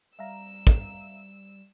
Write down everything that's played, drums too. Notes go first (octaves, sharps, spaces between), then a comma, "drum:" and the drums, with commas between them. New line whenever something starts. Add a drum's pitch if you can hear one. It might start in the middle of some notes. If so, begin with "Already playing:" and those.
G3 E5 F5 A#5 E6
drum: kick